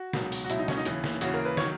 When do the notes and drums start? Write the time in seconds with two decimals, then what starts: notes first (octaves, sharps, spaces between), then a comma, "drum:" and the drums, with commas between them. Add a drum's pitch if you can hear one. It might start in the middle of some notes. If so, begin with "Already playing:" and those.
Already playing: F#4
0.13 C#2 B2 F#3, drum: snare
0.32 drum: open hi-hat
0.44 F#4
0.50 C#2 B2 F#3 E4, drum: hi-hat
0.58 D#4
0.68 C#4, drum: snare
0.77 D#4
0.85 D#2 C#3 E3, drum: hi-hat
1.04 drum: snare
1.21 D#2 C#3 E3 F#4, drum: hi-hat
1.34 A#4
1.45 B4
1.57 D#3 F#3 C#5, drum: snare